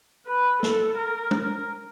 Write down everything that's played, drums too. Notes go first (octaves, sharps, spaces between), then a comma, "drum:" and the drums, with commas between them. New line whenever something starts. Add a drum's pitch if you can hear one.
B4
A4, drum: snare
A#4
drum: tom